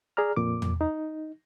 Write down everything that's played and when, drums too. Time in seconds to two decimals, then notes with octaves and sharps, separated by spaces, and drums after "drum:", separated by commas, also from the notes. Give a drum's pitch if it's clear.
0.17 G#4 D5 A#5 F6
0.37 F2 A#2 D6
0.62 drum: tom
0.81 D#4